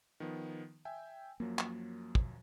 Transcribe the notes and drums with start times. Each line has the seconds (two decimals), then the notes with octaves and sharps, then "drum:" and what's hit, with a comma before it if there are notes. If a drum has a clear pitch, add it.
0.20 D#3 F3 B3
0.85 E5 G5 G#5
1.40 F#2 F3 F#3 A#3
1.59 drum: clap
2.15 drum: kick